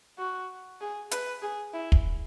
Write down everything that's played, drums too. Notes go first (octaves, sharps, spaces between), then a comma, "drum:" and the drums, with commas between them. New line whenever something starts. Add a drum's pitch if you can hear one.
F#4
G#4
B4, drum: hi-hat
G#4
E4
drum: kick